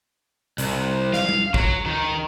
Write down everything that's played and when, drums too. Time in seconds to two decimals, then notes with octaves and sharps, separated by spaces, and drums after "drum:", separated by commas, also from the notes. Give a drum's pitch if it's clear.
0.58 C2, drum: hi-hat
1.14 F5, drum: snare
1.29 drum: tom G3
1.54 F#3, drum: kick
1.86 D#3